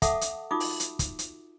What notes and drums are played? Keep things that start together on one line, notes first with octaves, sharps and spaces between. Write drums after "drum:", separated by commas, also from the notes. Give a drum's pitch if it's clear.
A4 E5 F#5 A5 D6 D#6, drum: kick, hi-hat
drum: hi-hat
D#4 F4 F#4 D6 D#6
drum: open hi-hat
drum: hi-hat
drum: kick, hi-hat
drum: hi-hat